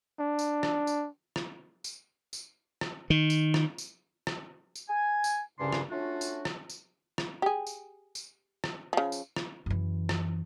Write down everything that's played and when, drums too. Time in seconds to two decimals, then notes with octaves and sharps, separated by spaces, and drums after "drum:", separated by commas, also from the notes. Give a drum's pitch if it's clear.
0.20 D4
0.39 drum: tambourine
0.63 drum: rim click
0.87 drum: tambourine
1.36 drum: rim click
1.84 drum: tambourine
2.33 drum: tambourine
2.81 drum: rim click
3.10 D#3
3.30 drum: tambourine
3.54 drum: rim click
3.78 drum: tambourine
4.27 drum: rim click
4.75 drum: tambourine
4.89 G#5
5.24 drum: tambourine
5.59 C2 G2 C#3 C#4 D4 C6
5.73 drum: rim click
5.91 A3 C#4 D4 F4 F#4
6.21 drum: tambourine
6.45 drum: rim click
6.70 drum: tambourine
7.18 drum: rim click
7.42 G4 G#4
7.67 drum: tambourine
8.15 drum: tambourine
8.64 drum: rim click
8.93 C#3 F3
9.12 drum: tambourine
9.36 drum: rim click
9.66 F#2 E3
10.09 drum: rim click